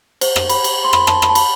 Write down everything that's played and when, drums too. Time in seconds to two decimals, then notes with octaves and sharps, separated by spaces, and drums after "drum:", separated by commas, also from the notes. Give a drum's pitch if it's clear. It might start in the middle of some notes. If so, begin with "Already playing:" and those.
0.21 C5, drum: cymbal
0.36 drum: rim click
0.49 B5, drum: cymbal
0.64 drum: cymbal
0.84 C6
0.93 B5, drum: rim click
1.07 A5, drum: rim click
1.22 B5, drum: rim click
1.29 A5
1.35 B5, drum: cymbal